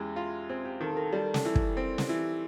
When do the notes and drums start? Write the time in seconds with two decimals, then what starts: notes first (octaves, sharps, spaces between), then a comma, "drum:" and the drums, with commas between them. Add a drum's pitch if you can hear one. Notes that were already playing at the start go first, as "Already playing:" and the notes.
Already playing: E2 G#3 C#4 G4
0.16 F4
0.49 C4 G#4
0.65 G4
0.81 D#3 A4
0.97 A#4
1.13 G3 A4
1.34 drum: snare
1.45 E3
1.55 drum: kick
1.77 C4
1.98 drum: snare
2.09 E3